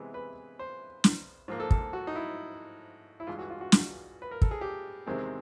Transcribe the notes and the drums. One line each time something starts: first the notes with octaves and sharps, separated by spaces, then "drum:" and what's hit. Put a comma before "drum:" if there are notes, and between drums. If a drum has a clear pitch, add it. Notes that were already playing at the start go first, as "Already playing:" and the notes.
Already playing: C3 E3 G#3 B3
B4
C5
drum: snare
G#2 F3 A#3
A4
A4, drum: kick
F#4
D#4
E4
E4
G2 E3 G#3 F4
F#4
F4
F#4
drum: snare
B4
A#4
A4, drum: kick
G#4
G4
E2 C3 D#3 G#3 C4